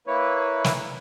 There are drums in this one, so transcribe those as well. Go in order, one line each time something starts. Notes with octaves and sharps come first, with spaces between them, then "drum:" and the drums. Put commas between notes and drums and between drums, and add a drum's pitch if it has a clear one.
A#3 E4 B4 C#5
drum: snare